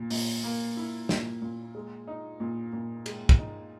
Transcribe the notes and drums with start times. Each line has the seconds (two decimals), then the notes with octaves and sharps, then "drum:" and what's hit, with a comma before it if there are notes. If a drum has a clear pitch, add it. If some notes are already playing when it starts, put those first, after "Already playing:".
Already playing: A#2
0.10 A#2, drum: open hi-hat
0.44 A#3
0.77 E4
1.09 A#2, drum: snare
1.42 A#2
1.75 G#3
2.07 D#4
2.40 A#2
2.73 A#2
3.06 G#3, drum: cymbal
3.29 drum: kick
3.39 D#4